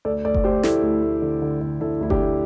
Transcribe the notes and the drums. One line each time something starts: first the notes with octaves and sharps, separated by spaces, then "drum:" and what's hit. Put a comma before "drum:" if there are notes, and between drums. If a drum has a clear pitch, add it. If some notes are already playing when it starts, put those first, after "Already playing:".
D2 A4 D5
D2 A4 D5
drum: kick F#1
A3 G4 C5
D2 E4 A4, drum: snare
D2
A3
D3
D3
D3
D3 E4 A4
D2 E4
D4 G4, drum: kick F#1
A3